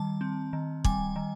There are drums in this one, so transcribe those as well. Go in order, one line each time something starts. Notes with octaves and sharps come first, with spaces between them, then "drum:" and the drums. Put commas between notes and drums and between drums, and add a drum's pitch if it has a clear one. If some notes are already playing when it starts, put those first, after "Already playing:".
Already playing: D#3 G3 A5
C4
D#3
G3 G#5, drum: kick
D#3